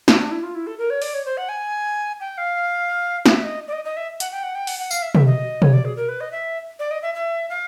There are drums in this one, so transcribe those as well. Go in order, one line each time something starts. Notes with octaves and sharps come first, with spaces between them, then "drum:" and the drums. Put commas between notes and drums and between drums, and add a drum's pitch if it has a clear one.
D4, drum: snare
D4
E4
F4
E4
A4
A#4
C#5
D5, drum: open hi-hat
C#5
C5
F#5
G#5
G5
F5
E5, drum: snare
D#5
D5
D#5
D#5
E5
F#5, drum: hi-hat
G5
F#5
G5
F#5, drum: open hi-hat
F#5
F5, drum: tambourine
E5
E5, drum: tom
D#5
C#5, drum: tom
D5
G#4
A#4
B4
D#5
E5
D5
D#5
E5
E5
F5